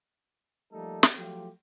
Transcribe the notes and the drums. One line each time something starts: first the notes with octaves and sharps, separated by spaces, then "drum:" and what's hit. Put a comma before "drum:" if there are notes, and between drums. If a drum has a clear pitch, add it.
F3 G3 A3 A#3 D#4 A4
drum: snare
F3 F#3 A3 F4 G4